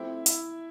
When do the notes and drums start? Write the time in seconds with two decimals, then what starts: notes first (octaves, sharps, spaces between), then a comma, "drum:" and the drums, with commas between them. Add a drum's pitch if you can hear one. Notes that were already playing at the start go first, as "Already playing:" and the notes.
Already playing: F3 A3 C4 E4 G4 E5
0.26 E4 E5, drum: hi-hat